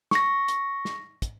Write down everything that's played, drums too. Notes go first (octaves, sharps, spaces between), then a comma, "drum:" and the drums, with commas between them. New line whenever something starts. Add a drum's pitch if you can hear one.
C#6 A#6, drum: snare
drum: hi-hat
drum: snare
drum: kick, hi-hat